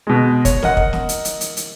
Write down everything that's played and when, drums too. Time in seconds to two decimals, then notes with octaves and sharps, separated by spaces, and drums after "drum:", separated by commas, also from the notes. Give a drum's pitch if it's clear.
0.07 B2 G#3
0.45 C#5, drum: kick, hi-hat
0.62 A#4 D#5 F#5, drum: snare
0.77 drum: kick
0.93 drum: snare
1.09 drum: hi-hat
1.25 drum: hi-hat
1.41 drum: hi-hat
1.57 drum: hi-hat